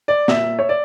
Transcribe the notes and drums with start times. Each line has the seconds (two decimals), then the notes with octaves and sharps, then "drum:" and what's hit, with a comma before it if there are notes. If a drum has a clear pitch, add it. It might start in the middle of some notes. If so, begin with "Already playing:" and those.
0.08 D5
0.28 A#2 E5, drum: snare
0.59 C#5
0.69 D5